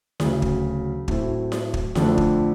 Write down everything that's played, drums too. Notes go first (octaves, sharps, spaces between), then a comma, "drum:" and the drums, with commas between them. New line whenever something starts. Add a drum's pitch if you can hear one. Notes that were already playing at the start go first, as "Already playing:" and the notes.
D2 C#3 F#3, drum: snare E4
drum: kick
A2 F#3 A3 C4 E4, drum: kick
drum: snare E4
drum: kick
F2 D3 F3 A3 D4, drum: snare E4
drum: kick